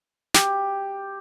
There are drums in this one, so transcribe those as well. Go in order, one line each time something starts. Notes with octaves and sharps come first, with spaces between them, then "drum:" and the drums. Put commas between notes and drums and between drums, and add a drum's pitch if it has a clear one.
G4, drum: snare